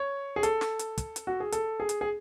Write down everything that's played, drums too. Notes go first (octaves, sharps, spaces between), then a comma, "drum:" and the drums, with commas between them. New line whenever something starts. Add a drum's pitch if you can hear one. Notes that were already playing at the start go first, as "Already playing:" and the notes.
Already playing: C#5
G#4
A4, drum: hi-hat
drum: snare
drum: hi-hat
drum: kick, hi-hat
drum: hi-hat
F#4
G#4
A4, drum: hi-hat
G#4
drum: hi-hat
G#4